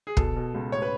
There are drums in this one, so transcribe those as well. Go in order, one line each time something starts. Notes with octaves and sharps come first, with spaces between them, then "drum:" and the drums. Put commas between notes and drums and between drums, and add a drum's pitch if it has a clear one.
G#4
B2 A4, drum: kick
B2
C#2
A1 C#5
B4